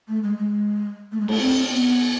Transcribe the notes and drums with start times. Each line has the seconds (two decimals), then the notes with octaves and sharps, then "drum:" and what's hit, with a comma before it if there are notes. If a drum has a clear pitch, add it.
0.08 A3
0.23 G#3
0.38 G#3
1.12 A3
1.20 G#3
1.28 A3, drum: cymbal
1.41 C4
1.71 B3